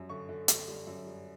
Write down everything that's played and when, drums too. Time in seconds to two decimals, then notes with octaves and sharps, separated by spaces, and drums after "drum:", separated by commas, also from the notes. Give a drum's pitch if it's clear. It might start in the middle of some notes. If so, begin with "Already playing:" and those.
Already playing: F#2 G3
0.09 D3 C#6
0.29 D3
0.48 D3, drum: hi-hat
0.68 G3
0.87 F#2
1.06 G3